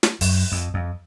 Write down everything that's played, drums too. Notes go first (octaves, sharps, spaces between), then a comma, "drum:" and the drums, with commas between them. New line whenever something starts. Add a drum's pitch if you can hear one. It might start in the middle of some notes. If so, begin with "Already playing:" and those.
drum: snare
F#2, drum: open hi-hat
F2
F2